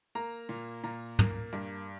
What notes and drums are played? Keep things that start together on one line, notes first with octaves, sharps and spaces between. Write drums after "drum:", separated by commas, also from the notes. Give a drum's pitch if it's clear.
A#3 A#5
A#2
A#2 A#5
A#3, drum: tom
G2